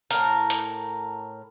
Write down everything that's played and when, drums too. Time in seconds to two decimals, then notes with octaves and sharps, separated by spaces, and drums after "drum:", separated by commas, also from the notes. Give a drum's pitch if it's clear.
0.11 A2 A#4, drum: hi-hat
0.50 drum: hi-hat